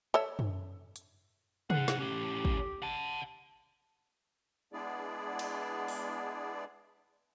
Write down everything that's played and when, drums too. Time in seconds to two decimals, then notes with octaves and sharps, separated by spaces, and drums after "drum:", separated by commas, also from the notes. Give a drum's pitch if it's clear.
0.14 A4 C#5 E5
0.39 drum: tom F#2
0.96 drum: hi-hat
1.70 D#4 G#4 F#5, drum: tom
1.88 drum: snare
1.99 A2 C#4 G4
2.45 drum: kick
2.82 F#5 A5
4.73 G#3 B3 D4 E4 G#4 D5
5.39 drum: cymbal
5.88 drum: open hi-hat